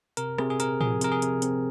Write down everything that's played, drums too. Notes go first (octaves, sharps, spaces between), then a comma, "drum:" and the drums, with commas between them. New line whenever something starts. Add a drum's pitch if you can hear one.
C3 A#4, drum: hi-hat
C3 G#4, drum: rim click
G#4
C4 A#4, drum: hi-hat
F3 G#4, drum: tom
C3 A#4, drum: hi-hat
G#4
C3, drum: hi-hat
C4, drum: hi-hat